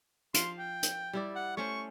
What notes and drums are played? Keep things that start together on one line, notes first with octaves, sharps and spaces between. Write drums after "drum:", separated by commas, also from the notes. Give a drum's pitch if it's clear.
F3 F5 C6, drum: hi-hat
G5
drum: hi-hat
G3 E4 D5
F#5
A3 C#4 C5 C#6